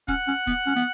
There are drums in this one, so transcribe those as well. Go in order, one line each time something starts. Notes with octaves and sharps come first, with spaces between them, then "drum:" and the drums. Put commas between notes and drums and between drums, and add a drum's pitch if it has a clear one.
C#4 F#5, drum: kick
C#4
B3, drum: kick
C#4
B3